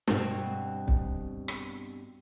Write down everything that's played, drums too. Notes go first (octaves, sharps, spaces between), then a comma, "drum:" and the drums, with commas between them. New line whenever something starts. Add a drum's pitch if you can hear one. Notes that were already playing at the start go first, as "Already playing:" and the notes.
G2 B2 C4, drum: snare
drum: kick
drum: rim click